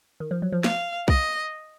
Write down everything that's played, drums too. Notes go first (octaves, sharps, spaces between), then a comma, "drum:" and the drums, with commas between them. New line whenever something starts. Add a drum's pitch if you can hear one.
D#3
F3
F#3
F3
F5, drum: snare
D#5, drum: kick B1